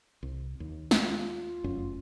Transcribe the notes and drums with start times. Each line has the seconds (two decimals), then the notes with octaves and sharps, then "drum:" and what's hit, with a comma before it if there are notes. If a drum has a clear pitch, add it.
0.23 C2
0.60 D#2
0.91 drum: snare
1.02 F4
1.64 F1 F#2 C#4